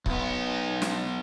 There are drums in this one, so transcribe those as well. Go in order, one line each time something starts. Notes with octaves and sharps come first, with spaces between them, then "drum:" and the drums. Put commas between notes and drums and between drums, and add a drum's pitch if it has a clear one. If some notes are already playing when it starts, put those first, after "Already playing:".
B1 B3, drum: kick C#1
drum: snare